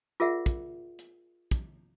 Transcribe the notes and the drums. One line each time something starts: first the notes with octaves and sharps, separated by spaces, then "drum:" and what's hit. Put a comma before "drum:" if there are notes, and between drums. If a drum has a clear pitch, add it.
F4 G#4 A#4 D5 E5 F#5
drum: kick, hi-hat
drum: hi-hat
drum: kick, hi-hat